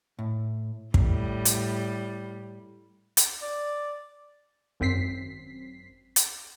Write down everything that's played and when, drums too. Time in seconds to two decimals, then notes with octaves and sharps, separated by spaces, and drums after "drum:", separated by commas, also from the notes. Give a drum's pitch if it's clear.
0.19 A2
0.94 A2 G3, drum: kick
1.45 drum: hi-hat
3.17 drum: hi-hat
3.42 D5
4.80 G#1 F#2 C4 B6 C7
6.16 drum: hi-hat